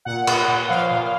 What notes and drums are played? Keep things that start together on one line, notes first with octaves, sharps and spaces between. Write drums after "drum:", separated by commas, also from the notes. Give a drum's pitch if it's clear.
A#2 F#5
A#2, drum: cymbal
A#2
F3 F5
A#2